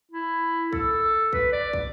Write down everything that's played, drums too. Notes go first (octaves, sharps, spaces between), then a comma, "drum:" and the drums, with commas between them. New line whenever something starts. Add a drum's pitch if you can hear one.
E4
A4, drum: kick
B4, drum: kick
D5
drum: kick